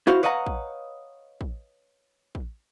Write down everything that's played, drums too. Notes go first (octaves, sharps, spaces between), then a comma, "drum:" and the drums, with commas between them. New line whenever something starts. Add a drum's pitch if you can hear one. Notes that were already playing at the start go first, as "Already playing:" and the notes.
E4 F#4 C5 F5
B4 C#5 D#5 F5 F#5 A#5
drum: kick
drum: kick
drum: kick